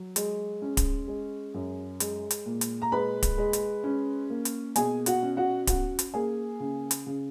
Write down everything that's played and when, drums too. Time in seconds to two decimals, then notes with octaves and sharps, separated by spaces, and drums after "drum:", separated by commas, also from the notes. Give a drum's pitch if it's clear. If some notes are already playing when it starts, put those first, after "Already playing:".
Already playing: F#3
0.16 G#3, drum: hi-hat
0.62 C#4
0.77 drum: kick D1, hi-hat
1.08 G#3
1.54 F#2
2.00 G#3, drum: hi-hat
2.31 drum: hi-hat
2.46 A#2
2.61 drum: hi-hat
2.82 A#5
2.92 G#3 B4 B5
3.23 drum: kick D1, hi-hat
3.38 G#3
3.53 drum: hi-hat
3.84 C#4
4.30 A#3
4.45 drum: hi-hat
4.76 B2 G#4 G#5, drum: hi-hat
5.06 F#4 F#5, drum: hi-hat
5.22 C#4
5.37 F#4 F#5
5.67 C#4 F#4 F#5, drum: kick D1, hi-hat
5.99 drum: hi-hat
6.14 A#3 G#4 G#5
6.60 C#3
6.91 drum: hi-hat
7.07 C#3